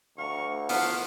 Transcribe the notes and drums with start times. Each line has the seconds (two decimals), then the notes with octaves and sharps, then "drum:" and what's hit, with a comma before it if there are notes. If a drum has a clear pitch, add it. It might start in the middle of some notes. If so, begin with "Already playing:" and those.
0.18 D2 F5 A#5 C#6
0.69 E3 F3 A3 B3 F5, drum: open hi-hat